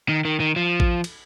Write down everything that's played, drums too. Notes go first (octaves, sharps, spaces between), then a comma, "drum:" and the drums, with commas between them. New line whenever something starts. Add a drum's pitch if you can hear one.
D#3
D#3
D#3
F3
drum: kick A1
drum: cymbal